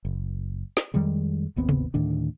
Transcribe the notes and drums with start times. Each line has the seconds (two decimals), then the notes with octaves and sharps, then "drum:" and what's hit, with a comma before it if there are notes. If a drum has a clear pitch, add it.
0.05 F#1
0.77 drum: snare
0.94 F2 D#3 G3 G#3
1.56 G#1 D#2 B3 C4
1.69 drum: tom C3
1.94 D2 A2 D#3 D4